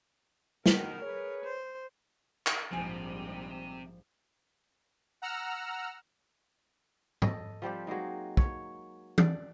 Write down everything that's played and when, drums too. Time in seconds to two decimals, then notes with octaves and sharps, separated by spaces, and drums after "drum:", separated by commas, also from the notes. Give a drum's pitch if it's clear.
0.66 B2 D#3 A#4, drum: snare
1.02 G#4 B4 C#5
1.44 C5
2.47 drum: clap
2.71 A#1 G#2 C3 F3 G3 G#5
5.22 F#5 A#5 E6 F6
7.22 A4 D#5, drum: tom
7.62 F3 G3 C4 G4
7.87 F#3 G#3 A#3 D#4
8.37 C#5, drum: kick
9.18 D5, drum: tom E3